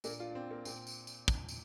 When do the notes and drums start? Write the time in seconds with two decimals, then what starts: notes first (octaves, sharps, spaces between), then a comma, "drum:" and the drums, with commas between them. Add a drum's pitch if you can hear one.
0.04 A#2 A#3 D4, drum: tambourine
0.19 D4 F4
0.31 D4
0.35 C4
0.51 A#3
0.65 A#2 C4, drum: tambourine
0.87 drum: tambourine
1.07 drum: tambourine
1.28 drum: kick, tambourine
1.49 drum: tambourine